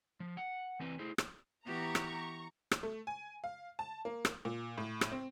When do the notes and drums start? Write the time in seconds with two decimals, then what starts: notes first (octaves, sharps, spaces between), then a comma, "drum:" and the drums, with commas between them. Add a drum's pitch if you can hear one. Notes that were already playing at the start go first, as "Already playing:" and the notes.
0.20 F3
0.37 F#5
0.80 E3 C4 B4
0.99 E4 G#4 C5
1.18 drum: rim click
1.66 E3 B3 G4 A#5 C#6
1.95 drum: rim click
2.71 drum: rim click
2.83 A3
3.07 G#5
3.44 F5
3.79 A5
4.05 A#3
4.25 drum: rim click
4.45 A#2
4.78 A2
5.01 drum: rim click
5.12 C4